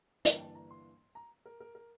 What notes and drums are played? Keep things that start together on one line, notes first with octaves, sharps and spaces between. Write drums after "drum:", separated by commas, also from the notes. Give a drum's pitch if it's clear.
G1 G2 E3 A#3 D4 A#5, drum: hi-hat
G5
A5
A#5
C6
A#5
A#4
A#4
A#4